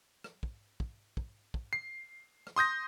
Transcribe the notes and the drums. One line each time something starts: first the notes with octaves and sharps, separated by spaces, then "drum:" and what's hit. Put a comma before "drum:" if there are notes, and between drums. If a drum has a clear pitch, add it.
drum: rim click
drum: kick
drum: kick
drum: kick
drum: kick
C7
drum: rim click
C6 D#6 G6 A#6